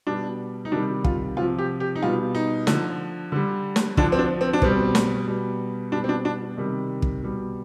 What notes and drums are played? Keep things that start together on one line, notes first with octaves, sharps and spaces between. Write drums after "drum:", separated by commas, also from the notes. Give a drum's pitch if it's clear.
B2 G3 D4
D#4
C3 D#3 G3 D4
F4, drum: kick
C3 F3 F4
G4
G4
D#4
B2 G3 F4
D#4
D3 F3, drum: snare
D3 G3
drum: snare
D3 F3 D4, drum: kick
C4
D4
C4
D4
B2 G3 C4, drum: kick
drum: snare
B2 G3
B2 G3 D4
C4
D4
D4
C3 D#3 G3
drum: kick
B2 G3